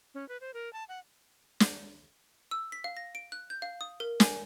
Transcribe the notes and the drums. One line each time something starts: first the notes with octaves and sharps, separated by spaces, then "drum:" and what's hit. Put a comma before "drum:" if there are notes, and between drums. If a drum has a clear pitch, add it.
C#4
B4
C5
A#4
A5
F#5
drum: snare
E6
B6
F5
A#6
D7
F#6
G6
F5
D#6
A#4
G#5, drum: snare